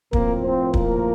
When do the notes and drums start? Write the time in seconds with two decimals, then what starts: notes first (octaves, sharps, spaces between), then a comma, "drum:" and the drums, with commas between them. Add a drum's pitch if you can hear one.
0.13 A2 F3 A#3 C4 A#4, drum: kick
0.44 C4 C5
0.74 A#3 A#4, drum: kick